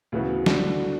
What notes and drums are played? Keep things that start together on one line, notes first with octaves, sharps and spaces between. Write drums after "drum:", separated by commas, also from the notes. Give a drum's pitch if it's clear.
D2 C#3 E3 B3 F#4
D3 G3 D4 F#4, drum: snare